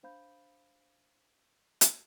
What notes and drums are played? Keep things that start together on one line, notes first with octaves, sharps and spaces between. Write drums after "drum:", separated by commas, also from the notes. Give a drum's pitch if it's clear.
D4 C5 F5 B5 G6
drum: hi-hat